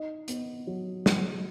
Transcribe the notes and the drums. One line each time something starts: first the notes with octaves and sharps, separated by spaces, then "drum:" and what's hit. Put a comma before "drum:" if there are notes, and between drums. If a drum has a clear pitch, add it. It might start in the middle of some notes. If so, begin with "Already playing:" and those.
Already playing: D#4 D#5
B3, drum: hi-hat
F#3
F#3, drum: snare